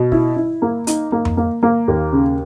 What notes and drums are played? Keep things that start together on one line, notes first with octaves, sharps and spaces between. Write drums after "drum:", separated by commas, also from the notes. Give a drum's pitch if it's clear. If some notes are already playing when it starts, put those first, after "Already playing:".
Already playing: B2
E4, drum: kick
E4
A#3
D#4, drum: hi-hat
A#3
drum: tom F2
A#3
A#3
D#2
C#3